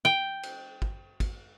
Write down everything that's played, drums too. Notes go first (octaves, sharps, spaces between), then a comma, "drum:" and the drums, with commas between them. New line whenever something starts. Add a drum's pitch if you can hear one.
G5
drum: cymbal
drum: kick
drum: kick, cymbal